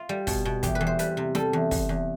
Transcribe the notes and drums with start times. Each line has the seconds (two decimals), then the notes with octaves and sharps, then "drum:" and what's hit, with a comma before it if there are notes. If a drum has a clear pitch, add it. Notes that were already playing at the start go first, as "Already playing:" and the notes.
Already playing: F4
0.09 G3
0.27 B2, drum: kick, open hi-hat
0.45 B2
0.63 E2 G4, drum: kick, hi-hat
0.75 B4
0.81 E2
0.87 C5
0.99 G3 B4, drum: hi-hat
1.17 C3
1.35 G3 A4, drum: snare
1.53 E2
1.71 E2, drum: kick, open hi-hat
1.89 E2